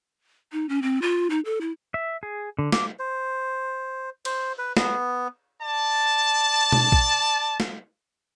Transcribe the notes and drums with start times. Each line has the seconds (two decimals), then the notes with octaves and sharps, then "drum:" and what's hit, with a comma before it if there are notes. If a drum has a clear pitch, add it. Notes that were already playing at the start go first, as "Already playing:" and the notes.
0.52 D#4
0.69 C#4
0.82 C4
1.02 F4
1.30 D#4
1.45 A4
1.61 E4
1.94 E5
2.23 G#4
2.59 D3
2.72 D6, drum: snare
2.99 C5
4.25 C5, drum: cymbal
4.58 B4
4.77 B3, drum: snare
5.62 D5 A5
6.72 drum: tom B2
6.92 drum: kick A#1
7.60 drum: snare